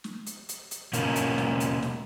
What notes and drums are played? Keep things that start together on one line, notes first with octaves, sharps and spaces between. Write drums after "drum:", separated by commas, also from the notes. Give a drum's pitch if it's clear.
drum: snare
drum: hi-hat
drum: hi-hat
drum: hi-hat
B2 A#3 C#4 A#4, drum: hi-hat
drum: hi-hat
drum: snare
drum: hi-hat
drum: snare